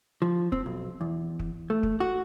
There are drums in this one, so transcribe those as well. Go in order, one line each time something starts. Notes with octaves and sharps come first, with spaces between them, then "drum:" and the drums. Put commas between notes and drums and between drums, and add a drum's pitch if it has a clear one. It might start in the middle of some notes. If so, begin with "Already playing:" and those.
F3
C4, drum: kick
B1
E2
drum: kick
A3
drum: kick
F#4